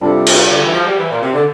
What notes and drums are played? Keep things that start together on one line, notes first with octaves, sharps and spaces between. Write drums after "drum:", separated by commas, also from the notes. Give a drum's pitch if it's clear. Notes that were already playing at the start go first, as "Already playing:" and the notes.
C3 G3 D4 F4 A4
drum: cymbal
D3
E3
F3
G3
E3
A#2
C3
D3